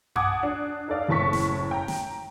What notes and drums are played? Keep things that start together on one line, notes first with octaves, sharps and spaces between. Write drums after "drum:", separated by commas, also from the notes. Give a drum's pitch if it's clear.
F#5 G#5 A5 D6 D#6 G#6, drum: tom F#2
D4
D#4 A4 D5 F5
F#1 A2 A5 C#6 B6
drum: snare
G5 A#5
drum: snare